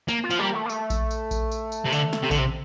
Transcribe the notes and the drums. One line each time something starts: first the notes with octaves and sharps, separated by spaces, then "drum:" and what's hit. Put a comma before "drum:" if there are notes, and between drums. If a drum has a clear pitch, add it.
A#3, drum: tambourine
F4
F3, drum: tambourine
G3 A#3
A3
A#3
A3, drum: tambourine
drum: kick A#1, tambourine
drum: tambourine
drum: kick A#1, tambourine
drum: tambourine
drum: tambourine
C3
D3, drum: tambourine
drum: snare
C3
D3, drum: kick A#1, tambourine
C3